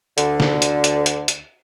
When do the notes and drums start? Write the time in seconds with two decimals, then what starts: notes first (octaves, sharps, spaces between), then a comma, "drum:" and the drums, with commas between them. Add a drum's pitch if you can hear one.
0.18 D2 D3, drum: hi-hat
0.40 drum: snare
0.62 drum: hi-hat
0.84 drum: hi-hat
1.06 drum: hi-hat
1.28 drum: hi-hat